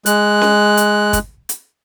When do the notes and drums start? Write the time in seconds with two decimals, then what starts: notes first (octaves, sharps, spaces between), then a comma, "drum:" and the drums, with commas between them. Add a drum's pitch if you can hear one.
0.06 G#3 F#6, drum: hi-hat
0.41 drum: snare C#4
0.77 drum: hi-hat
1.13 drum: kick, hi-hat
1.49 drum: hi-hat